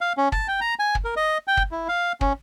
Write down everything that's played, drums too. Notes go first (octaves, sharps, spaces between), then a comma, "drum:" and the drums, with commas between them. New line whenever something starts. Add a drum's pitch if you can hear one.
F5
C#4
A5, drum: kick
G5
A#5
G#5
drum: kick
A#4
D#5
G5
drum: kick
E4
F5
C#4, drum: kick